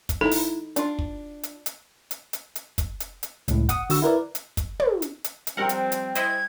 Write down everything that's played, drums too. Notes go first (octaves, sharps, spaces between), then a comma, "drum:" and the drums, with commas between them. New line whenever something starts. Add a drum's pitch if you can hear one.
drum: kick, hi-hat
D#4 E4 A4 A#5 B5
drum: open hi-hat
D4 F4, drum: hi-hat
drum: kick
drum: hi-hat
drum: hi-hat
drum: hi-hat
drum: hi-hat
drum: hi-hat
drum: kick, hi-hat
drum: hi-hat
drum: hi-hat
C#2 A2, drum: hi-hat
F#5 D#6, drum: kick, hi-hat
D3 F#4 E6, drum: open hi-hat
E4 A#4 B4 D5
drum: hi-hat
drum: kick, hi-hat
drum: tom
drum: hi-hat
drum: hi-hat
drum: hi-hat
F3 G3 C4 A#4 F#5 G5
drum: hi-hat
drum: hi-hat
E4 C5 D#5 G#6, drum: hi-hat